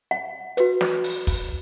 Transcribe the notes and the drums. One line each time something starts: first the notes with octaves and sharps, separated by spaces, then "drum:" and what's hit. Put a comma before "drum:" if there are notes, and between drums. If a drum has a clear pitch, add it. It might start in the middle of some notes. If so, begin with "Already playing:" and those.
F#5
F#4 B4, drum: hi-hat
drum: snare
drum: open hi-hat
drum: kick, open hi-hat